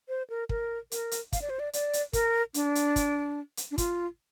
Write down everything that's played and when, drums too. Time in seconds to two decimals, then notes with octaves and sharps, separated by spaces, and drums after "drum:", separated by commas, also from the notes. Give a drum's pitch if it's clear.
0.09 C5
0.30 A#4
0.49 A#4, drum: kick
0.92 A#4, drum: hi-hat
1.11 drum: hi-hat
1.33 F5, drum: kick, hi-hat
1.42 D5
1.50 C5
1.59 D5
1.73 D5, drum: hi-hat
1.93 drum: hi-hat
2.13 A#4, drum: kick, hi-hat
2.54 D4, drum: hi-hat
2.75 drum: hi-hat
2.96 drum: kick, hi-hat
3.57 drum: hi-hat
3.71 D4
3.78 F4, drum: kick, hi-hat